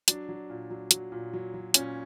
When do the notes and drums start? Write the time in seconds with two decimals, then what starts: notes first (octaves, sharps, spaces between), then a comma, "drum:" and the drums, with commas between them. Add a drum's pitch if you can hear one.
0.08 F#3 D4, drum: hi-hat
0.29 F#3
0.50 A#2
0.70 F#3
0.91 F#3, drum: hi-hat
1.12 A#2
1.33 F#3
1.54 F#3
1.74 A#2 C#4, drum: hi-hat